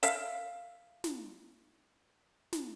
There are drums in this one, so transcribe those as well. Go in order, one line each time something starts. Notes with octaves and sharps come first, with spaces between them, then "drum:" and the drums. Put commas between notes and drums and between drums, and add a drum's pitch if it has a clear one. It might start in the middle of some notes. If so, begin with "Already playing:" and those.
E5 F5, drum: hi-hat
drum: snare
drum: snare